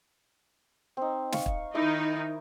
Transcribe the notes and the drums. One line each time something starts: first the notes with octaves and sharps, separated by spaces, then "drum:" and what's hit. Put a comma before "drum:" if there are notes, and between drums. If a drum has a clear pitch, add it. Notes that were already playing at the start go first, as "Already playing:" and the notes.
C4 D#4
F5 C#6, drum: snare
drum: kick
D#3 D#4 E4 D#5 D6